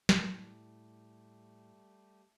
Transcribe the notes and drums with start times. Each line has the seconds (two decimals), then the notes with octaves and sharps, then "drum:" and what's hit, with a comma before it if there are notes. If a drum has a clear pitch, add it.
0.09 A2 G3 A3, drum: snare